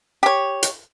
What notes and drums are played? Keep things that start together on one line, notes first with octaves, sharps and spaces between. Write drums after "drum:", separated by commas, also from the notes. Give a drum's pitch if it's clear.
G4 C#5
drum: hi-hat